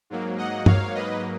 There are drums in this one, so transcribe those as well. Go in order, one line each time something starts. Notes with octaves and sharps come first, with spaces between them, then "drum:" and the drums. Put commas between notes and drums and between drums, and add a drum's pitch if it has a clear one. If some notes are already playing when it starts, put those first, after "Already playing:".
G#2 F#3 A#3
D#5 F#5
C#5 F5, drum: tom
B4 D#5